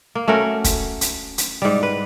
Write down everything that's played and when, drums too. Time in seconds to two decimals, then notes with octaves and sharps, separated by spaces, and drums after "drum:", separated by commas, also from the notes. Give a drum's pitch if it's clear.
0.15 A#3
0.28 A3 C#4 F#4 A#4
0.64 drum: kick, hi-hat
1.01 drum: hi-hat
1.38 drum: hi-hat
1.62 G#2 G3
1.83 B4